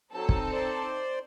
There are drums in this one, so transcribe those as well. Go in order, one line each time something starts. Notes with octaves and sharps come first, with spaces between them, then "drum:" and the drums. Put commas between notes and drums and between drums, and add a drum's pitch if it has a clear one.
F#3 C4 D#4 A4
drum: kick
C5 D5